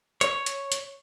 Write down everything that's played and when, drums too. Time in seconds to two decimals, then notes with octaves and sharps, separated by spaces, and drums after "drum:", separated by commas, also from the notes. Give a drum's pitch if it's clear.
0.21 C#5, drum: hi-hat
0.46 drum: hi-hat
0.72 drum: hi-hat